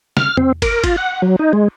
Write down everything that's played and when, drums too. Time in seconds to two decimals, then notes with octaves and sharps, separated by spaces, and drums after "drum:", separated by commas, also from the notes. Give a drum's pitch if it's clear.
0.17 F6, drum: snare
0.37 C4, drum: tom E2
0.62 A#4, drum: kick, cymbal
0.84 F4, drum: kick, cymbal
0.97 F#5
1.22 F#3
1.39 D#4
1.53 G#3